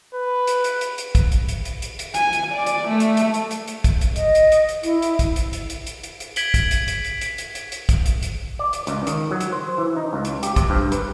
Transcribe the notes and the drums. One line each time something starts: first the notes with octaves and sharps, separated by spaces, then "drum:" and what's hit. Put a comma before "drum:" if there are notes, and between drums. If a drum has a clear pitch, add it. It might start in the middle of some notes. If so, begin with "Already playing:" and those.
B4
drum: hi-hat
drum: hi-hat
drum: hi-hat
drum: hi-hat
drum: kick, hi-hat
drum: hi-hat
drum: hi-hat
drum: hi-hat
drum: hi-hat
drum: hi-hat
G#5, drum: hi-hat
drum: hi-hat
D5
drum: hi-hat
A3
drum: hi-hat
drum: hi-hat
drum: hi-hat
drum: hi-hat
drum: hi-hat
drum: kick, hi-hat
drum: hi-hat
D#5, drum: hi-hat
drum: hi-hat
drum: hi-hat
drum: hi-hat
E4, drum: hi-hat
drum: hi-hat
drum: kick, hi-hat
drum: hi-hat
drum: hi-hat
drum: hi-hat
drum: hi-hat
drum: hi-hat
drum: hi-hat
G#6 B6 D7 F#7 G7, drum: hi-hat
drum: kick, hi-hat
drum: hi-hat
drum: hi-hat
drum: hi-hat
drum: hi-hat
drum: hi-hat
drum: hi-hat
drum: hi-hat
drum: kick, hi-hat
drum: hi-hat
drum: hi-hat
D5
drum: hi-hat
C#2, drum: hi-hat
D#3, drum: hi-hat
F#3
drum: hi-hat
C5
E3
D#4
C#2
drum: hi-hat
G4, drum: hi-hat
C3, drum: kick, hi-hat
G2
B4, drum: hi-hat